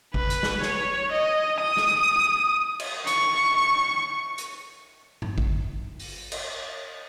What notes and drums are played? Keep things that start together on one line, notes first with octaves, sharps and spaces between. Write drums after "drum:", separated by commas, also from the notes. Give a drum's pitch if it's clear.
B4, drum: kick G#1
drum: hi-hat
drum: snare
C#5, drum: snare
D#5
D#6
drum: snare
drum: cymbal
C#6, drum: hi-hat
C#6
drum: hi-hat
drum: tom G2
drum: kick G#1
drum: open hi-hat
drum: cymbal